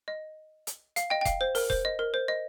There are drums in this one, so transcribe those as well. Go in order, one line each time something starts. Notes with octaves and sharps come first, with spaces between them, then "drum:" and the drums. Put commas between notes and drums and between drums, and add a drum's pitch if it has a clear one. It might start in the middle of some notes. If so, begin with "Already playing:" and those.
D#5
drum: hi-hat
F5, drum: hi-hat
D#5 G5
G5
F5, drum: kick E1, hi-hat
C5
A#4, drum: open hi-hat
C5, drum: kick E1
D#5
A#4
C5
D#5